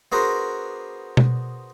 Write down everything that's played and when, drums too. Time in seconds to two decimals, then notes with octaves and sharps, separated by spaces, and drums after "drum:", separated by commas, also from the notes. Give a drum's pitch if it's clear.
0.12 B3 D4 F#4 G#4 A#4 C5
1.17 drum: tom